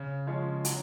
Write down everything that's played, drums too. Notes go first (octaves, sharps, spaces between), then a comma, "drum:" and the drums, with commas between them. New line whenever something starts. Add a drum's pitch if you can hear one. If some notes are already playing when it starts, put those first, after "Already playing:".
Already playing: C#3
F3 G#3 C#4
F#3, drum: hi-hat